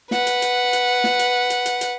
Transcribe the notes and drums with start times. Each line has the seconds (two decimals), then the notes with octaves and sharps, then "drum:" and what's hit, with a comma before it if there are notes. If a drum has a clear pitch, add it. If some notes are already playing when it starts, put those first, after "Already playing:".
0.11 B4 F#5, drum: snare
0.27 drum: hi-hat
0.42 drum: hi-hat
0.73 drum: hi-hat
1.04 drum: snare
1.19 drum: hi-hat
1.50 drum: hi-hat
1.66 drum: hi-hat
1.81 drum: hi-hat